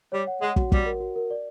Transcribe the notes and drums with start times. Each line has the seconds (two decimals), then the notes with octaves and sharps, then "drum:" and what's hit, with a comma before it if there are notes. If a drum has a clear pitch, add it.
0.12 G3 C#5
0.27 F#5
0.41 G#3 F#5
0.56 F#4, drum: kick
0.72 G3 F#4, drum: kick
0.86 A#4
1.00 F#4
1.16 A#4
1.31 D5